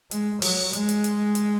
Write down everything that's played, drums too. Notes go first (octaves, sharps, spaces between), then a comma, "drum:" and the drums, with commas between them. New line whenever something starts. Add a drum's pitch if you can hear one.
G#3, drum: hi-hat
F#3, drum: open hi-hat
G#3, drum: hi-hat
drum: hi-hat
drum: hi-hat
drum: hi-hat